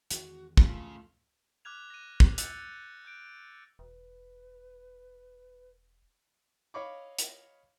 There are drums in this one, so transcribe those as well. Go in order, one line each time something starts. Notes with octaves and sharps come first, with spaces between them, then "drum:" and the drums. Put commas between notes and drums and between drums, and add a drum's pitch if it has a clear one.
E2 D#3 G#3 F#4, drum: hi-hat
C#3 A3 F4 F5, drum: kick
D6 F6 F#6 G#6 F7
A#6 D#7
drum: kick
E6 F#6 G6 A6 C#7, drum: hi-hat
F#6 G6 D7
E1 B4
C#5 D#5 F5 B5 C#6 D6
drum: hi-hat